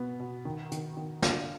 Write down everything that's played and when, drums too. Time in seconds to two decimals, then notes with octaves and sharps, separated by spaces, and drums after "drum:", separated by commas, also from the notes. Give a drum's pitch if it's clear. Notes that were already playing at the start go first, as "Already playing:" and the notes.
Already playing: B2 B3
0.20 B2
0.45 D#3
0.72 D#3, drum: hi-hat
0.97 D#3
1.22 D3 F5, drum: snare